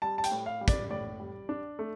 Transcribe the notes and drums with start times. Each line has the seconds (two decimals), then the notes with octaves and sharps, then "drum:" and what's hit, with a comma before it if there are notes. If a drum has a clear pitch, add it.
0.02 G3 A5
0.18 A5
0.24 G5, drum: hi-hat
0.31 A2
0.46 F5
0.61 G3
0.68 D5, drum: kick, hi-hat
0.90 A2 D5
1.20 G3
1.49 D4
1.79 A3